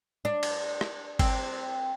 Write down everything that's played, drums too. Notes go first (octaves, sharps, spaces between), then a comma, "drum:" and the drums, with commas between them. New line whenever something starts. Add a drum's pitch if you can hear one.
D4
drum: cymbal
drum: rim click
C4, drum: kick G1, cymbal